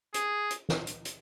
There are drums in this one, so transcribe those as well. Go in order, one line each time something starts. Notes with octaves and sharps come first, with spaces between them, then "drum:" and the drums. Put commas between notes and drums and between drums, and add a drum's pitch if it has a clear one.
G#4, drum: hi-hat
drum: hi-hat
drum: snare
drum: hi-hat
drum: hi-hat